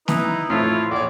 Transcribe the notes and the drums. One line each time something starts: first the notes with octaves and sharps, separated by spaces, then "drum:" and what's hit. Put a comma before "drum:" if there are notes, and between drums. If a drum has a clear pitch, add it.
D#4 E4 B4, drum: snare
A2 E3 F3 E4 F4 C#5
A#1 C#5 D5